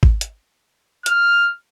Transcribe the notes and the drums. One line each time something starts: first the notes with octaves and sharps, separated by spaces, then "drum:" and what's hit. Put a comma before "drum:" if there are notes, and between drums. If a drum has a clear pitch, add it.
drum: kick G#1
drum: hi-hat
F6, drum: hi-hat